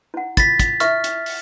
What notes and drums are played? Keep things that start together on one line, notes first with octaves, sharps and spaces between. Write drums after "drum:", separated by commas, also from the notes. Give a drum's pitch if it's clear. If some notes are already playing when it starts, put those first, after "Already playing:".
E4 F#5
F4 A6 B6, drum: kick, hi-hat
drum: kick, hi-hat
E4 E5 C#6 F6, drum: hi-hat
drum: hi-hat
drum: open hi-hat